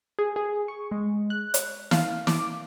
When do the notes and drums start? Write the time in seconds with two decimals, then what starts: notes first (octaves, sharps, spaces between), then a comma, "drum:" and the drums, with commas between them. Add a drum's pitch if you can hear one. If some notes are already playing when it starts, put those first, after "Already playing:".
0.19 G#4
0.36 G#4
0.68 C#6
0.91 G#3
1.30 F#6
1.54 drum: hi-hat
1.91 F5, drum: snare
2.27 D6, drum: snare